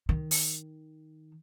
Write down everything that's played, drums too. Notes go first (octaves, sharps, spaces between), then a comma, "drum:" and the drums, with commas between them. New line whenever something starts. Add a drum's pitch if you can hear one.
D#3
drum: open hi-hat